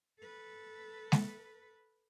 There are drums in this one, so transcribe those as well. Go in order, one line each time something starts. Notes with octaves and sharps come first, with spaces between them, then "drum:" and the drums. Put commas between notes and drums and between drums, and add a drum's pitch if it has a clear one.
A4 B4
drum: snare G#3